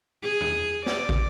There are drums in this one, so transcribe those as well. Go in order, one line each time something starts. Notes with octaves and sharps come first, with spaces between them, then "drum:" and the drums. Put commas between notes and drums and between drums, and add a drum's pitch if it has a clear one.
G#4
drum: tom
D5, drum: snare
drum: kick